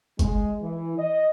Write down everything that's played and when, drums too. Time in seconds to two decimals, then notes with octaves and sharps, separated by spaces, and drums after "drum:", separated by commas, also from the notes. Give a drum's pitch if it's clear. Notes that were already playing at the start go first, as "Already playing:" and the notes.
0.19 G#3, drum: kick F#1, hi-hat
0.62 E3
0.98 D#5